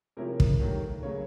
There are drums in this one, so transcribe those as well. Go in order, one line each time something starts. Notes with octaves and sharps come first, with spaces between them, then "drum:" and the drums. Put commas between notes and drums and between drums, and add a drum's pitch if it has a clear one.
C3 F3 G#3 C#4 E4 A#4
drum: kick
G2 D#3 F#3 A3
C#3 F#3 A#3 C#5